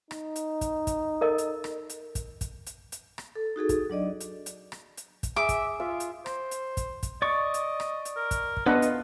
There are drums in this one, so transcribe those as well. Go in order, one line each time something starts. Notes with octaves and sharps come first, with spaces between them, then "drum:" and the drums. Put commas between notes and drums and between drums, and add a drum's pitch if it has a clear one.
D#4, drum: rim click
drum: hi-hat
drum: kick, hi-hat
drum: kick, hi-hat
A4 A#4 D#5
drum: hi-hat
drum: rim click
drum: hi-hat
drum: kick, hi-hat
drum: kick, hi-hat
drum: hi-hat
drum: hi-hat
drum: rim click
A4
D#4 F#4 G#4 A4
drum: kick, hi-hat
F#3 D4 D5 D#5
drum: hi-hat
drum: hi-hat
drum: rim click
drum: hi-hat
drum: kick, hi-hat
G#4 E5 D6
drum: kick, hi-hat
F4 E5
drum: hi-hat
C5, drum: rim click
drum: hi-hat
drum: kick, hi-hat
drum: kick, hi-hat
D5 D#5 C#6
drum: hi-hat
drum: rim click
drum: hi-hat
A#4
drum: kick, hi-hat
drum: kick
B3 D4 F4 B4 D#5 F#5
drum: hi-hat